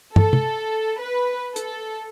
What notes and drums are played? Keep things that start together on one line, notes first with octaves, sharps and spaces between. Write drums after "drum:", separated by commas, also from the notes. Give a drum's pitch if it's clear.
A4, drum: tom
drum: tom
B4
A4, drum: hi-hat